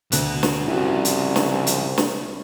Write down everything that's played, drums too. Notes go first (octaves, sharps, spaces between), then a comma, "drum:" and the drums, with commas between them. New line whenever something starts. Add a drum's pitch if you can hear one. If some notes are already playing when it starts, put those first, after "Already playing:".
D2 B2 F#6, drum: hi-hat
drum: snare
C2 C#3 F3 E4 F#4
drum: hi-hat
drum: snare
drum: hi-hat
drum: snare